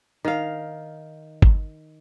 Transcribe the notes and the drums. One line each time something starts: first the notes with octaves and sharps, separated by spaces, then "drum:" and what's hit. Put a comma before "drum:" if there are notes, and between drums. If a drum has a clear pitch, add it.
D#3 F5
drum: kick G1